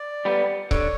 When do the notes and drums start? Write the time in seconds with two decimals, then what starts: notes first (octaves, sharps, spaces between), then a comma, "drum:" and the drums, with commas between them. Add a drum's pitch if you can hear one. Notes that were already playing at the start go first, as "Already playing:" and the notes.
Already playing: D5
0.25 G3 B3
0.71 D3 C#5, drum: kick C#1